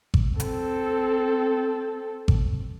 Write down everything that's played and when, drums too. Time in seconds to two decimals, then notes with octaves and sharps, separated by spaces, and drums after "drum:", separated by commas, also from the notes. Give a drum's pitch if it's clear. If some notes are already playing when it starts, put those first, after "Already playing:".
0.14 drum: kick G#1
0.40 C4 A4, drum: hi-hat
2.28 drum: kick G#1